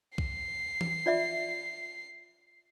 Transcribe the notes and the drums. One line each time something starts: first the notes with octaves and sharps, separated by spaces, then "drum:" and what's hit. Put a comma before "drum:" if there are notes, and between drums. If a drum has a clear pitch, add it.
C7, drum: kick
drum: tom E3
F4 D5 E5